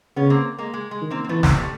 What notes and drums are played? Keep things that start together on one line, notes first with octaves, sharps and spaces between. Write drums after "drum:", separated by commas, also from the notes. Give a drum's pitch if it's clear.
C#3 B3 C#4
A#3 C4
G#3 A#3
G#3
G#3
D#3
A#3 C4
C4
E3 A3 B3
A#3 C4, drum: snare
G3 A3